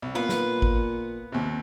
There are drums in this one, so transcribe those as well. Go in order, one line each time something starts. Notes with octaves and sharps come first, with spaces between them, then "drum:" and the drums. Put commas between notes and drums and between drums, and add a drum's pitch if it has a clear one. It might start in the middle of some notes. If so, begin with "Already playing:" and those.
C2
A#2 B3 B4 F5
drum: snare
drum: kick G#1
D#2 C3